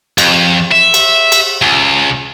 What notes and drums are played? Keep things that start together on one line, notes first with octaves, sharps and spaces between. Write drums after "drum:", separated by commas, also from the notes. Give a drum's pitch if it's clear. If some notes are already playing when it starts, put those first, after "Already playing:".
F2, drum: cymbal
E5
drum: cymbal
drum: cymbal
C#2